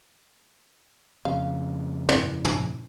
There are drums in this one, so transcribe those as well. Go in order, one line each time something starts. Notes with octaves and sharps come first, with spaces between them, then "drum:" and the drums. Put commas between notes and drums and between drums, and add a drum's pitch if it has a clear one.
F2 C#3 F5
E3 D5, drum: tom
drum: tom